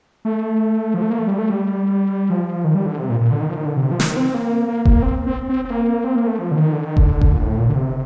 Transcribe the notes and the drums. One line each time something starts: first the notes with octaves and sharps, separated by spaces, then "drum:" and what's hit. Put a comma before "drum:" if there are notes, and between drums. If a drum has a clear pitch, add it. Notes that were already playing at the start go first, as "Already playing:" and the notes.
A3
F3
A3
A#3
A3
G3
A3
G3
F3
D#3
G3
D3
C3
A#2
A#2
D3
D#3
F3
D#3
D3
C3
F3
D#3, drum: snare
C4
A#3
A#3
A#3, drum: kick F1
C4
C4
C4
C4
A#3
C4
A#3
A3
F3
D3
D#3
D3
D#3
D3, drum: kick F1
drum: kick F1
A#2
A2
A#2
D3
C3